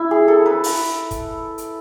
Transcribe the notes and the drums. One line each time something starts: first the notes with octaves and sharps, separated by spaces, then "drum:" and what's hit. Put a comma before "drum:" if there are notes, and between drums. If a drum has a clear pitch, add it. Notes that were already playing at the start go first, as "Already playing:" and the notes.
Already playing: E4
G#4
A4
B4
drum: open hi-hat
drum: kick, hi-hat
drum: hi-hat